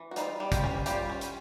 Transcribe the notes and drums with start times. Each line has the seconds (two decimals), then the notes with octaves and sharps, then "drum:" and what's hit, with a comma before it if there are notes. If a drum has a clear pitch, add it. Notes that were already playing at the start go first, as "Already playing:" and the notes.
Already playing: E3
0.11 F#4
0.16 G3 D#4 F4, drum: hi-hat
0.40 G3
0.52 F4 G4, drum: kick, hi-hat
0.64 C#4
0.86 G3 F4 G4, drum: hi-hat
1.09 C#4
1.21 drum: hi-hat